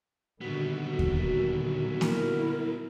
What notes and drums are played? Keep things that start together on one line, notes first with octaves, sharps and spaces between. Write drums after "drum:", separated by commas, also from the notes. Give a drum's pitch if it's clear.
A#2 D3 D#3 F#3 G3 B3 F#4
drum: kick D#2
E4 A#4, drum: snare A#3